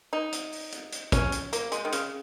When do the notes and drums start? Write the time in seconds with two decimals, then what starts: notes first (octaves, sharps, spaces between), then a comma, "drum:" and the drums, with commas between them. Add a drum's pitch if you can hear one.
0.13 D#4
0.32 drum: hi-hat
0.52 drum: open hi-hat
0.72 drum: hi-hat
0.92 drum: hi-hat
1.12 C#4, drum: kick, hi-hat
1.32 drum: hi-hat
1.53 A#3, drum: hi-hat
1.72 G#3, drum: hi-hat
1.85 D#3
1.92 C#3, drum: hi-hat